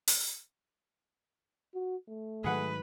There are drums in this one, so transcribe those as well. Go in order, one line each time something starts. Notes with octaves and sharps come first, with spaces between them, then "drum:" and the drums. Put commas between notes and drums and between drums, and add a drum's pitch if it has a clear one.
drum: open hi-hat
F#4
A3
G#2 D#3 F#3 G#4 B4 F#5